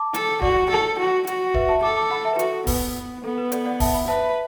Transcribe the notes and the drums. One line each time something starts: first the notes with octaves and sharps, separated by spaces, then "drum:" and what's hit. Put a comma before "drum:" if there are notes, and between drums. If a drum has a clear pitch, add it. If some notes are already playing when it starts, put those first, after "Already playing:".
Already playing: A5 D6
A4, drum: hi-hat
F#4 D5 F#5, drum: kick
A4
F#4
F#4, drum: hi-hat
B4 E5, drum: kick
E5 A5
A4 A5 D6
A5 D6
F#5 B5
E5 A5
B4
F#4 A4, drum: hi-hat
A4
B3 B4, drum: kick, open hi-hat
B3 A4
B4
A4 D5, drum: hi-hat
D5 F#5
E5 A5, drum: kick, open hi-hat
F#5 B5
B4 E5 A5